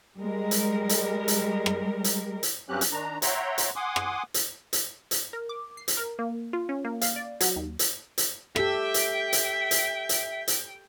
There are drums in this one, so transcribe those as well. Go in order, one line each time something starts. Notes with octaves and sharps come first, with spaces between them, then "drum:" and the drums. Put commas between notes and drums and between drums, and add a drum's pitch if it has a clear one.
G3 G#3 A#4
drum: hi-hat
drum: hi-hat
drum: hi-hat
drum: rim click
drum: hi-hat
drum: hi-hat
G2 F#3 C4 C#4 G4 F#6
drum: hi-hat
D#3 D4 A#5
C#5 E5 F#5 G5 A#5 C6, drum: hi-hat
drum: hi-hat
F#5 G#5 C6 D6 D#6
drum: rim click
drum: hi-hat
drum: hi-hat
drum: hi-hat
A#4
D6
C7
drum: hi-hat
A#4
A#3
F4
C#4
A#3
F5, drum: hi-hat
D5
F#3, drum: hi-hat
D#2
drum: hi-hat
drum: hi-hat
G4 A4 E5 G5, drum: rim click
drum: hi-hat
drum: hi-hat
drum: hi-hat
drum: hi-hat
drum: hi-hat